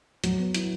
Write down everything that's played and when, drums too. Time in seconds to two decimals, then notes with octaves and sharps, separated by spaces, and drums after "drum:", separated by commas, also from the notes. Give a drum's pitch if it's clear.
0.24 F#3, drum: hi-hat
0.39 B3
0.55 E4, drum: hi-hat